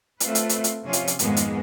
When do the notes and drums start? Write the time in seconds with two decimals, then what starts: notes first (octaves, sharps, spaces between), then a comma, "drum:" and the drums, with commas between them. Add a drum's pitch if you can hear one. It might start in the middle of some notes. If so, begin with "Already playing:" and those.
0.20 A3 C4 F4 B4, drum: hi-hat
0.35 drum: hi-hat
0.49 drum: hi-hat
0.64 drum: hi-hat
0.83 C3 F3 C#4 F4
0.93 drum: hi-hat
1.07 drum: hi-hat
1.19 F2 G#2 D#3 G#3 A#3 B3, drum: hi-hat
1.37 drum: hi-hat